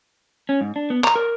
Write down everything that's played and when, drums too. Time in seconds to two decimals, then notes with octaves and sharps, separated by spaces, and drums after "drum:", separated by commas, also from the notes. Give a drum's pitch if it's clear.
0.49 C#4
0.61 G#2
0.76 D4
0.90 B3
1.04 A#5, drum: clap
1.16 A#4